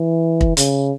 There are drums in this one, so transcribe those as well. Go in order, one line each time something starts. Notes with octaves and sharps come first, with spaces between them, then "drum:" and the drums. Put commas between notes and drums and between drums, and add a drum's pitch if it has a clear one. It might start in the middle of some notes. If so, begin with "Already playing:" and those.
Already playing: E3
drum: kick
C#3, drum: hi-hat